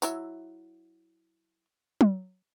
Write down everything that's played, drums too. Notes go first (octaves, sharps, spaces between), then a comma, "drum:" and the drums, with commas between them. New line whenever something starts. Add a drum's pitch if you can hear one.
F#3 E4 E5, drum: tambourine
drum: tom F#3